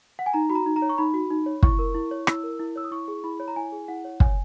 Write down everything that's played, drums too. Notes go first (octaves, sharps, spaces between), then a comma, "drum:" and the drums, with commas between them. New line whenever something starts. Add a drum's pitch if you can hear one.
F#5
G#5
D#4 A#5
F#4 B5
A#5
D#4
A#5
C#5
C#6
D#4 B5
F#4
D#4
C#5
E4 C#6, drum: kick
A#4
E4
C#5
E4 E6, drum: rim click
A#4
E4
C#5 E6
D#6
E4 C#6
G#4
E4 B5
C#5 B5
A#5
E4 G#5
G#4
E4 F#5
C#5
C#5 G#5, drum: kick